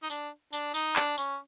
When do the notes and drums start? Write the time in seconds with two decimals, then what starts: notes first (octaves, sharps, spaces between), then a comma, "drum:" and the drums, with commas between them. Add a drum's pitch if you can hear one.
0.03 D#4
0.10 D4, drum: tambourine
0.53 D4, drum: tambourine
0.74 D#4, drum: tambourine
0.96 D4, drum: clap
1.18 C#4, drum: tambourine